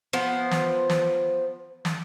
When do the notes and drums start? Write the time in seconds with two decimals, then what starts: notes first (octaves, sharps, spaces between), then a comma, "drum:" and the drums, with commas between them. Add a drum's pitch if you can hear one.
0.13 F3 B3 C5
0.51 drum: snare
0.90 drum: snare
1.85 drum: snare